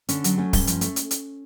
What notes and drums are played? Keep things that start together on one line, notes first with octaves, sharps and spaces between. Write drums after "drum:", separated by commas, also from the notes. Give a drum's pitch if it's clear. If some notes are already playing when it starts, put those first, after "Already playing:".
D3 C#4, drum: hi-hat
F#3, drum: hi-hat
A3 C#4
G2, drum: kick D1, open hi-hat
F3, drum: hi-hat
A3, drum: hi-hat
drum: hi-hat
drum: hi-hat